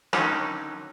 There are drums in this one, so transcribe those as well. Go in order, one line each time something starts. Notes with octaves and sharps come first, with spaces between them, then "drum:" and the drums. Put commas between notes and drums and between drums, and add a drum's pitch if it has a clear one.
D3 D#3 F#3 C#4 D#4, drum: rim click